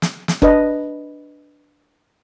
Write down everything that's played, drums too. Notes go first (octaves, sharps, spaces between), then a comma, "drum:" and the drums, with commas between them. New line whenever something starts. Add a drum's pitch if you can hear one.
drum: snare
drum: snare
D4 B4 D#5, drum: kick F#1